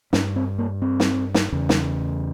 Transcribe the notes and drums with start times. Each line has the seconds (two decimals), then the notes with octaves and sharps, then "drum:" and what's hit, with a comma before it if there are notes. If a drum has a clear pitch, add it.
0.13 G2 C#4, drum: snare
0.36 C4
0.59 A#3
0.82 C4
1.00 drum: snare
1.34 drum: snare
1.52 E2 C#3
1.69 drum: snare